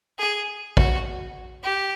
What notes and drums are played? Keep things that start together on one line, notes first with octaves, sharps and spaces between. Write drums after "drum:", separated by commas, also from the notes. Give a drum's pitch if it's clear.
G#4
F#4, drum: kick
G4